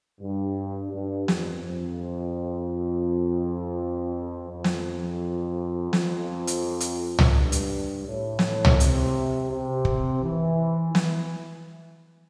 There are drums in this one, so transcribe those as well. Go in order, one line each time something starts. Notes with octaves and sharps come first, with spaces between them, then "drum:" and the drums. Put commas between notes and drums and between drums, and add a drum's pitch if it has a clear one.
G2
G2
F2, drum: snare
F2
F2
drum: snare
F2, drum: snare
drum: hi-hat
drum: hi-hat
drum: tom
G2
drum: hi-hat
A2
drum: snare
drum: tom
C3, drum: hi-hat
C3
drum: kick
E3
E3, drum: snare